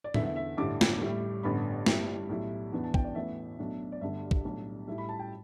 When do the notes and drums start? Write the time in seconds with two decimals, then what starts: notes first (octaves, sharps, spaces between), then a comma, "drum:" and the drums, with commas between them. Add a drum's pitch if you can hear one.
0.04 D5
0.14 E2 D3 B3 E4 E5, drum: tom
0.26 E5
0.36 E5
0.57 A1 G2 D3 G3 E4 D6
0.81 drum: snare
1.01 A2 G3 E4
1.43 A1 G2 D3 B3 B5
1.86 G2 G3 E4, drum: snare
2.29 B1 A2 G3 E4
2.72 E2 E3 B3 D4
2.84 A5
2.94 G5, drum: kick
3.04 D5
3.15 A1 A2 E3 B3 E5
3.58 B1 B2 A3 D4
3.92 D5
4.01 G1 G2 D3 G3 E5
4.31 drum: kick
4.44 B1 A2 G3 D4
4.87 A2 G3 E4 E5
4.98 B5
5.09 A5
5.19 G5